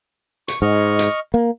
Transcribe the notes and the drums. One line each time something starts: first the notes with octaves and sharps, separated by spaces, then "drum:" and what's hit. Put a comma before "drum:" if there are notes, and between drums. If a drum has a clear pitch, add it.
C#6, drum: hi-hat
G#2 D#5 C#6 F6
drum: hi-hat
A#3